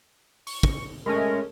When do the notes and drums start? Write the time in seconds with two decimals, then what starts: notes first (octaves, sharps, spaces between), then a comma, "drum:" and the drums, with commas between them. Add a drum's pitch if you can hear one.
0.47 C#6, drum: open hi-hat
0.63 drum: kick
1.06 G#3 A3 C#4 A#4